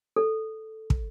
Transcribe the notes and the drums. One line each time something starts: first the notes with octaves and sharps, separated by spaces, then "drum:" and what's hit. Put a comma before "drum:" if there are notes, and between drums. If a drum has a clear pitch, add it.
A4
drum: kick